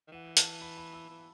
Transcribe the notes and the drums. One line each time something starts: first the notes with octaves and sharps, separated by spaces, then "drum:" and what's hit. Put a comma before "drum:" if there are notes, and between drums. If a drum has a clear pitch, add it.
D#3
E3 F#5
A5, drum: hi-hat
B5
B5
E6
E3